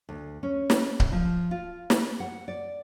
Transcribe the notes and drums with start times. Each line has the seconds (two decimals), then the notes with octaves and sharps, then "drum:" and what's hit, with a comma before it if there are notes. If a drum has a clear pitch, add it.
0.09 D2
0.43 C#4
0.70 drum: snare
1.00 drum: kick C#1
1.12 F3
1.51 F4
1.90 drum: snare
2.20 F#5
2.48 D5